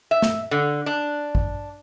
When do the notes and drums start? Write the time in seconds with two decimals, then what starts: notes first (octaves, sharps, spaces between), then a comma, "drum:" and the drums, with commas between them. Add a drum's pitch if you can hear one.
0.11 E5
0.22 drum: snare
0.51 D3
0.86 D4
1.35 drum: kick